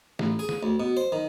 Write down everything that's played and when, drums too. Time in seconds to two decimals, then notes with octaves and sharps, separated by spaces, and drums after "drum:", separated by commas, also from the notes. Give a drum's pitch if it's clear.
0.19 A1, drum: snare
0.39 G#4
0.49 drum: snare
0.63 D2
0.80 B2
0.97 C5
1.12 D#3